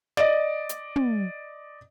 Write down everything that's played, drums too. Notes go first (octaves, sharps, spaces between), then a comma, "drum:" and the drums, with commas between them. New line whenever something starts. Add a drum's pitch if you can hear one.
D5 D#5, drum: snare
drum: hi-hat
drum: tom